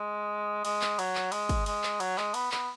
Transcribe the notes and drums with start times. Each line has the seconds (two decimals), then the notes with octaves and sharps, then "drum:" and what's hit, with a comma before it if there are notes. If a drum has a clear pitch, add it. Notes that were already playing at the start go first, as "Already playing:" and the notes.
Already playing: G#3
0.65 G#3, drum: cymbal
0.81 drum: clap
0.99 F#3, drum: cymbal
1.15 drum: clap
1.32 G#3, drum: cymbal
1.49 drum: kick, cymbal
1.66 G#3, drum: cymbal
1.83 drum: clap
2.00 F#3, drum: cymbal
2.18 G#3, drum: clap
2.34 B3, drum: cymbal
2.51 B3, drum: clap